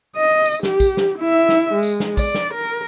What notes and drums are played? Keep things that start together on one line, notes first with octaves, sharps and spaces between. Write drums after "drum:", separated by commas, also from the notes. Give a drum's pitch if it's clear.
D#5
drum: tambourine
G4, drum: snare
drum: kick, tambourine
drum: snare
E4 E5
drum: snare
G#3
drum: tambourine
drum: snare
D5, drum: kick, tambourine
drum: snare
A#4